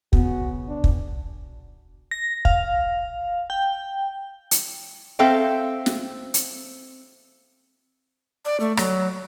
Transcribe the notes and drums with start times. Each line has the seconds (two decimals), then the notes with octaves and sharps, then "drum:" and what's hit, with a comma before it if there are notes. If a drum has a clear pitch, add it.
0.13 C#3 B3 F#4, drum: kick
0.68 D4
0.84 drum: kick
2.11 A#6
2.45 F5, drum: kick
3.50 G5
4.51 drum: hi-hat
5.19 C4 A4 C5 E5 F5 G5
5.86 drum: snare
6.34 drum: hi-hat
8.45 D5
8.60 A3
8.77 F#3, drum: rim click